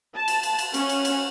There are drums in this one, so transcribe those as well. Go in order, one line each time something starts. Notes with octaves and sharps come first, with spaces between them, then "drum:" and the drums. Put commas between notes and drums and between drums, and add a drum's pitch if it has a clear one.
A5
drum: cymbal
drum: cymbal
drum: cymbal
C#4, drum: cymbal
drum: cymbal
drum: cymbal